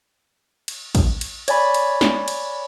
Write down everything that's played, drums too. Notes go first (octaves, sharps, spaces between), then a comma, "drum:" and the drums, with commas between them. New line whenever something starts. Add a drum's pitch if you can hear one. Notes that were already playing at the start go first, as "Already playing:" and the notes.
drum: cymbal
drum: kick, cymbal
drum: cymbal
C#5 D5 G#5 B5, drum: cymbal
drum: cymbal
drum: snare
drum: cymbal